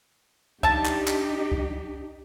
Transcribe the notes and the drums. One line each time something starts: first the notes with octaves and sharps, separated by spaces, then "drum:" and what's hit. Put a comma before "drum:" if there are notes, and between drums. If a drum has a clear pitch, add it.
D4 D#4 G4 E5 A5, drum: kick C2
drum: clap
drum: clap
drum: kick C2